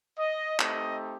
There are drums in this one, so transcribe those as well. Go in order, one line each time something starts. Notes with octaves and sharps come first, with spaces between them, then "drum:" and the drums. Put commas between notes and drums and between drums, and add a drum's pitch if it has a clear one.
D#5
A3 C4 D#4 G4 D#5, drum: clap